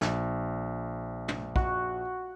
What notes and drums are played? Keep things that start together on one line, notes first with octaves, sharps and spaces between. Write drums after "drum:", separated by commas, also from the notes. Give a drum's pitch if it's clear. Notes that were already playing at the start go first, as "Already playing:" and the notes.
A#1, drum: snare
drum: tom
F#4, drum: kick